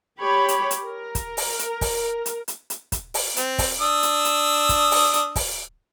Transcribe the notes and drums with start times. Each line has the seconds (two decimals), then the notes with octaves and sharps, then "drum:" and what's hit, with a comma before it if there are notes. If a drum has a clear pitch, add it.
0.20 G4 C#5 B5
0.48 drum: hi-hat
0.71 drum: hi-hat
0.85 A#4
1.15 drum: kick, hi-hat
1.37 drum: open hi-hat
1.59 drum: hi-hat
1.81 drum: kick, open hi-hat
2.26 drum: hi-hat
2.48 drum: hi-hat
2.70 drum: hi-hat
2.92 drum: kick, hi-hat
3.14 drum: open hi-hat
3.37 C4, drum: hi-hat
3.58 drum: kick, open hi-hat
3.81 D4 D#6 E6
4.03 drum: hi-hat
4.25 drum: hi-hat
4.69 drum: kick, hi-hat
4.91 drum: open hi-hat
5.13 drum: hi-hat
5.36 drum: kick, open hi-hat